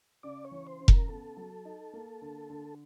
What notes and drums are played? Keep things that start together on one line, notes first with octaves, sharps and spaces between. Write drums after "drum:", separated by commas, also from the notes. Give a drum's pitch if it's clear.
C#3 D5
C#5
E3
C5
C#3
A#4, drum: kick F1
B3 A4
F#3
D#4
A#3
D3
D3